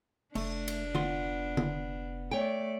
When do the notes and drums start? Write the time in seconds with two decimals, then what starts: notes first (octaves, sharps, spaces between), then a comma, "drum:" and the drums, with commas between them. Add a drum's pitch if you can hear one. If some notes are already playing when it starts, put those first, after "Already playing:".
0.35 F1 A3 D4, drum: cymbal
0.68 drum: cymbal
0.95 B3 F4 C6, drum: tom D3
1.57 drum: tom D3
2.31 A3 C#5 D5 G5